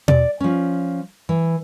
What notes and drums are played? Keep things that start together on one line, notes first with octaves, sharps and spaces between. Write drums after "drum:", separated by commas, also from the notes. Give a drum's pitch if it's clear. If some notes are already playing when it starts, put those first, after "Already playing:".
D5, drum: tom B2
F3 C#4
E3